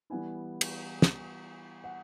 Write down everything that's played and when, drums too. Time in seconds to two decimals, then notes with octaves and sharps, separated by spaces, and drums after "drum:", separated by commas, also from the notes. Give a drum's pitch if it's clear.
0.10 E3 G3 B3 E4 G#5
0.61 drum: cymbal
1.02 drum: snare
1.84 F#5